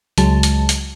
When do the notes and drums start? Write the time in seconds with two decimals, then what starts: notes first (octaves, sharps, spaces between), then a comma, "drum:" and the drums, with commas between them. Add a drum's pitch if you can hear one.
0.18 C#2 F#3 G#3 A5, drum: hi-hat
0.43 drum: hi-hat
0.69 drum: hi-hat